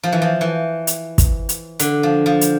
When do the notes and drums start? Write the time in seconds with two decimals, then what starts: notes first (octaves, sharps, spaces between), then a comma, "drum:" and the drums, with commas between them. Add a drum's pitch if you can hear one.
0.03 F3
0.12 E3
0.22 F3
0.41 E3
0.87 drum: hi-hat
1.18 drum: kick, hi-hat
1.49 drum: hi-hat
1.79 D3, drum: hi-hat
2.03 F3
2.26 F3
2.41 drum: hi-hat